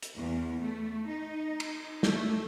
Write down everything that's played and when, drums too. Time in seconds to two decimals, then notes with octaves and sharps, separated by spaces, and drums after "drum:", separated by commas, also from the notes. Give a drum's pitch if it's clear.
0.03 drum: hi-hat
0.16 E2
0.62 A3
1.08 D#4
1.60 drum: cymbal
2.03 A3, drum: snare